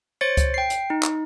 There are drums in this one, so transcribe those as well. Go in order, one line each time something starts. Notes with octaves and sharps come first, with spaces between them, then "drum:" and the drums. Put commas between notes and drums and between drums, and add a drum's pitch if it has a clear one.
C5 C#5 A6 C#7
drum: kick C#2, hi-hat
G5 C7
drum: hi-hat
D#4
drum: clap